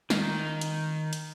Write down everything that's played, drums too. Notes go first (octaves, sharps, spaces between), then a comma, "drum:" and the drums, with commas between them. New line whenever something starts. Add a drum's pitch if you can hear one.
D#3, drum: snare
drum: hi-hat
drum: hi-hat